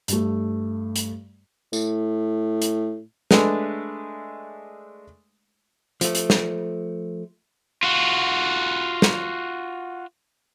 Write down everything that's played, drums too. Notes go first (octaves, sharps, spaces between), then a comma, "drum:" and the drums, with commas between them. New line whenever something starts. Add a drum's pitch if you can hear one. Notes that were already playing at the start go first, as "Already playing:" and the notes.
G2 A3, drum: hi-hat
drum: hi-hat
A2, drum: tambourine
drum: hi-hat
G#3 A3 D4 G#4 B4, drum: snare
F3 A3, drum: hi-hat
drum: hi-hat
drum: snare
F4 F#4
drum: snare